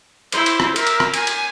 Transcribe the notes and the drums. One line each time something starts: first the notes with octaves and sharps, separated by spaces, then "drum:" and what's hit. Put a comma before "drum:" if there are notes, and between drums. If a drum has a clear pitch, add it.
E4 C5, drum: cymbal
drum: cymbal
drum: rim click
A#4 E5, drum: cymbal
drum: cymbal
drum: rim click
G#5, drum: cymbal
drum: cymbal